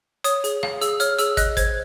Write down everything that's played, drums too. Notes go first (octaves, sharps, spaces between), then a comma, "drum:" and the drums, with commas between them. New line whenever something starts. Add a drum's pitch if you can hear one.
C#5 D#6, drum: hi-hat
G#4, drum: hi-hat
F5, drum: rim click
G#4 E6, drum: hi-hat
C#5 F6, drum: hi-hat
G#4 E6, drum: hi-hat
D#5 F#6, drum: kick, hi-hat
C5 G#6, drum: kick, hi-hat